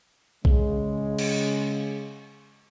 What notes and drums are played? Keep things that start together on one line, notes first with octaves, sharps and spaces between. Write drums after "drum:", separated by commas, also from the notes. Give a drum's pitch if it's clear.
C#3 G#3, drum: kick B1
drum: cymbal